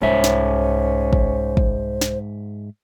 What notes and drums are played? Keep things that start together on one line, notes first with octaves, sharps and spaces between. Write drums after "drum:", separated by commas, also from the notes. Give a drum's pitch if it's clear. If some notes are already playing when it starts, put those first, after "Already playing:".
C2 G#2 C#4 C5 E5
drum: snare
drum: kick
drum: kick
drum: snare